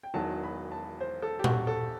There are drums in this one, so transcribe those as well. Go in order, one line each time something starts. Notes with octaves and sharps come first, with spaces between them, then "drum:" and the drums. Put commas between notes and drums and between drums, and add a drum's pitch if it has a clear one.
G5
E1 E2 D#3 F#3 A5
B5
A5
C5
A4
G4
F#4, drum: tom A#2
A4